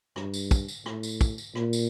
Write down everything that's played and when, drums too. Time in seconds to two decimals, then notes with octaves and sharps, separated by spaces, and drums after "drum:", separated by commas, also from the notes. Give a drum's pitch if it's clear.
0.16 G2, drum: rim click
0.34 drum: tambourine
0.51 drum: kick, tambourine
0.68 drum: tambourine
0.86 A2, drum: rim click
1.03 drum: tambourine
1.21 drum: kick, tambourine
1.38 drum: tambourine
1.55 A#2, drum: rim click
1.73 drum: tambourine